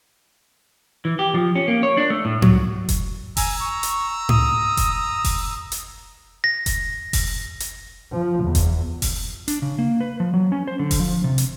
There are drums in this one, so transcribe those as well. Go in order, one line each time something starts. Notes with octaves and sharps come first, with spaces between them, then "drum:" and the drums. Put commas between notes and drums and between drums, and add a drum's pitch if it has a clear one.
E3
G4
F3
C#4
A#3
C#5
D4
A3
A2
F#3, drum: tom G#2
drum: kick F1, hi-hat
G#5 A#5 E6, drum: kick F1, open hi-hat
C#6
drum: hi-hat
D#6, drum: tom G#2
drum: kick F1, hi-hat
drum: kick F1, open hi-hat
drum: hi-hat
A#6
drum: kick F1, hi-hat
drum: kick F1, open hi-hat
drum: hi-hat
F3
E2
drum: kick F1, hi-hat
drum: kick F1, open hi-hat
D4, drum: hi-hat
C#3
A#3
B4
F3
F#3
C#4
C5
D3
drum: kick F1, open hi-hat
F3
C3
drum: hi-hat